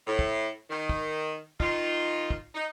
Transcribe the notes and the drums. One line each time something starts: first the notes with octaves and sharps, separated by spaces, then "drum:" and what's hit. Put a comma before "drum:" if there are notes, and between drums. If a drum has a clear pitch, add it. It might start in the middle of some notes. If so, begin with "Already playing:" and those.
A2
drum: kick
D#3
drum: kick
D#3 D#4 F4, drum: kick
drum: kick
D#4